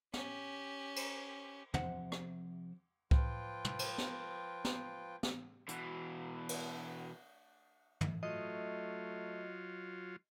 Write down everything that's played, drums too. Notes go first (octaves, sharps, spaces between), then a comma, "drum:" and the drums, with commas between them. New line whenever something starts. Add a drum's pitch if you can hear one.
C#4 G4, drum: snare
drum: cymbal
C3 F3 C5 E5 F#5, drum: tom
drum: rim click
F3 F4 B4 G5, drum: kick C2
drum: tom
drum: cymbal
drum: snare
drum: snare
drum: snare
B2 E3, drum: hi-hat
drum: cymbal
drum: tom
F#3 A3 F4 D#5